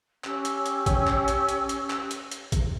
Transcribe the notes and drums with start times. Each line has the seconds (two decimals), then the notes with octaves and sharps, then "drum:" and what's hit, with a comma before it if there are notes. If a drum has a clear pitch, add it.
0.24 C#4 G4 E6, drum: clap
0.45 drum: hi-hat
0.66 drum: hi-hat
0.86 drum: kick A1, hi-hat
1.07 drum: clap
1.28 drum: hi-hat
1.49 drum: hi-hat
1.69 drum: hi-hat
1.90 drum: clap
2.11 drum: hi-hat
2.32 drum: hi-hat
2.52 drum: kick A1, hi-hat